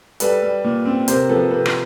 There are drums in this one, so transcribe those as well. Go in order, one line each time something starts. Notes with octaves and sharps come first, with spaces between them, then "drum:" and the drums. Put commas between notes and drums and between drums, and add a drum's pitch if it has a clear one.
G3 A4 B4, drum: hi-hat
G3
A#2
C4
C3 A#4 C5, drum: hi-hat
F3 A4 B4
C3 A4 B4
drum: rim click